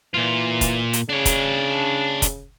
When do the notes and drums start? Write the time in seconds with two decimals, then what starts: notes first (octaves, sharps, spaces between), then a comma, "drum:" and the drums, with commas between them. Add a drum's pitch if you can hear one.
0.14 A#2 E3 F4
0.61 drum: kick, hi-hat
0.93 drum: hi-hat
1.09 C#3 D4 C#5
1.25 drum: kick, hi-hat
2.22 drum: kick, hi-hat